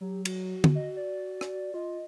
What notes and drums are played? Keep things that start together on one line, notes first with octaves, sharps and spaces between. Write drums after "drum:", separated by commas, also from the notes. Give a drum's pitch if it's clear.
F#3 G4
F#4, drum: cymbal
drum: tom
D#5
D5
drum: rim click
F4 D#5